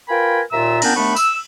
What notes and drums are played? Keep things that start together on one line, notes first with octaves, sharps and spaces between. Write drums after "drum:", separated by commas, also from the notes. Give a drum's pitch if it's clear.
F4 A#4 B4 G5 G#5 B5
D#2 A#2 F4 E5 A#5 E6
A#2 B3 C#4 D4 G5 A#5, drum: cymbal
D#2 A3 B3 D4 B5 C#6
E6, drum: tambourine